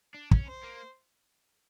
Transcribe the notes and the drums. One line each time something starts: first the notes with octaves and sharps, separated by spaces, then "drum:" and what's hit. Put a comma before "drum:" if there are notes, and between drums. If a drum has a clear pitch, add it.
D4
C#4, drum: kick
C5
A#3